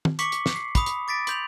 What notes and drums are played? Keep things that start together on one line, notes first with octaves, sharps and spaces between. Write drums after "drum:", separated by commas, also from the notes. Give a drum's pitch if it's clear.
drum: tom
C#6 D6 B6 C#7 F#7, drum: hi-hat
drum: hi-hat
drum: snare
C7
B5 D#6, drum: kick, hi-hat
drum: hi-hat
D6 A6 B6 D7
C6 G6 F7, drum: hi-hat